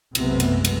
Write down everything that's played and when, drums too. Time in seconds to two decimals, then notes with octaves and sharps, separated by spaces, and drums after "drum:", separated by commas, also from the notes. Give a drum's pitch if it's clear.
0.15 B1 F#2 C3 G#3 A3 B3, drum: cymbal
0.40 drum: cymbal
0.65 drum: cymbal